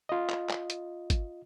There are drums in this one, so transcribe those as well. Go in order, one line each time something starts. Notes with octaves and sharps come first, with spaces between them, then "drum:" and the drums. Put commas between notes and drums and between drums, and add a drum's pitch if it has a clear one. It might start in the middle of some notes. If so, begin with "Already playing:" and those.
F4 D#5
drum: clap
drum: clap
drum: hi-hat
drum: kick, hi-hat